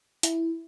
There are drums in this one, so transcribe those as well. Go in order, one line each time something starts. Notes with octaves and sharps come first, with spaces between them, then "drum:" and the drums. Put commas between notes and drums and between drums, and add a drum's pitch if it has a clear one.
E4, drum: hi-hat